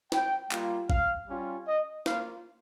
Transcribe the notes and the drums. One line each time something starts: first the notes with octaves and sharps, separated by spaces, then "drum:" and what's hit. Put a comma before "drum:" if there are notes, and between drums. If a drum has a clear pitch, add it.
G5, drum: snare
G3 A#3 F4, drum: clap
F5, drum: kick G#1
G3 C#4 F4
D#5
A#3 F4 F5, drum: snare